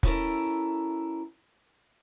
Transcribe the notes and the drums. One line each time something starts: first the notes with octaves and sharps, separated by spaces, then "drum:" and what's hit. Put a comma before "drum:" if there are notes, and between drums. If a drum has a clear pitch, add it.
D2 C#4 E4 A4 A#4, drum: kick